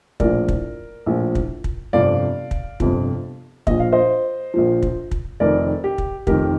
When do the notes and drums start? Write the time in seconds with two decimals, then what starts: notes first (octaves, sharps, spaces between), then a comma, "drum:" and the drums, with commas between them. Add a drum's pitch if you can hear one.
0.20 A#1 A2 F3 A#4 D5, drum: kick
0.48 drum: kick
1.06 A#1 A2 F3
1.35 drum: kick
1.64 drum: kick
1.93 G1 F2 C3 F3 D5 F5
2.51 drum: kick
2.80 G1 F2 C3 F3, drum: kick
3.67 A#1 A#2 F3 D#5, drum: kick
3.80 F5
3.92 C5 D#5
4.54 A#1 A#2 F3
4.82 drum: kick
5.11 drum: kick
5.40 F1 F2 D#3 A#4 D5
5.84 G4
5.98 drum: kick
6.27 F1 F2 D#3 G4 A#4, drum: kick